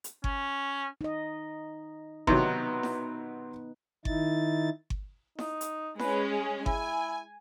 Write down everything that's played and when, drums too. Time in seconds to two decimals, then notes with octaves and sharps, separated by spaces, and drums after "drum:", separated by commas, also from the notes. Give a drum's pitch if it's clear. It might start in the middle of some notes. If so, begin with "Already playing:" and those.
0.04 drum: hi-hat
0.24 C#4, drum: kick G1
1.01 D#4 D#5
2.27 C3 D#3 F#3 B3 D#4 B4, drum: kick G1
2.83 drum: snare E4
4.05 D#3 D#4 E4 A6, drum: kick G1
4.90 drum: kick G1
5.39 D#4, drum: snare E4
5.61 drum: hi-hat
5.99 G#3 C#4 B4, drum: snare E4
6.32 G#4
6.66 E4 G#5, drum: kick G1